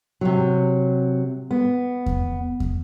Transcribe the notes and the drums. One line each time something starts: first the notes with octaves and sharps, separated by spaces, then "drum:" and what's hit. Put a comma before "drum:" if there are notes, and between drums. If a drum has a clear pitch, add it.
C3 F#3
B3
drum: kick E2
drum: kick E2